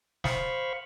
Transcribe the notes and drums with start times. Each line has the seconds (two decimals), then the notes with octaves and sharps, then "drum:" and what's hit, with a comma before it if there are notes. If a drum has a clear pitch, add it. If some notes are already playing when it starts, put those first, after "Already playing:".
0.24 C5 F5 B5 C#6, drum: snare